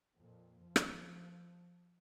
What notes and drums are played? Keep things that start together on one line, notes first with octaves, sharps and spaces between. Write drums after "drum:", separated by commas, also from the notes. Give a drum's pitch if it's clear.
F2 A#2
F3
drum: rim click